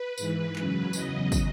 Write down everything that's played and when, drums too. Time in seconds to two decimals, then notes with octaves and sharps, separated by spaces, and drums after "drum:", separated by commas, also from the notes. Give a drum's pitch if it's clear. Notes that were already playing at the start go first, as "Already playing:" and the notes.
Already playing: B4
0.18 G#2 E3, drum: tambourine
0.56 F#2 C#3 F#3, drum: clap
0.93 E2 C#3 F#3 D#5, drum: tambourine
1.32 drum: kick, tambourine